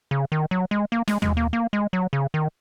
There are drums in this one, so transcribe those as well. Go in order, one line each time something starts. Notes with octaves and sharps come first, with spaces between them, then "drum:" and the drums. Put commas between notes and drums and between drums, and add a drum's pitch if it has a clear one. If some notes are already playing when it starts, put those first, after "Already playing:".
C#3
D#3
F#3
G#3
A#3
G#3, drum: snare
G#3, drum: tom D#2
A#3
A#3
G#3
F#3
C#3
D#3